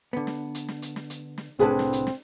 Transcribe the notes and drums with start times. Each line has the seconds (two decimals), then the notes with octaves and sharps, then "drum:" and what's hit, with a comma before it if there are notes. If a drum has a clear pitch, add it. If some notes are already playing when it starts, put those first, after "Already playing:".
0.13 D3 B3
0.27 drum: snare
0.55 drum: hi-hat
0.68 drum: snare
0.82 drum: hi-hat
0.96 drum: snare
1.10 drum: hi-hat
1.38 drum: snare
1.59 C2 A2 D3 C4 G#4 B4 A5
1.79 drum: snare
1.93 drum: hi-hat
2.07 drum: snare